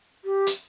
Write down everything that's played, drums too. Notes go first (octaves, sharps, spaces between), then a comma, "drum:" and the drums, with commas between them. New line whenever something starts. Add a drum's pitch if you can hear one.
G4
drum: hi-hat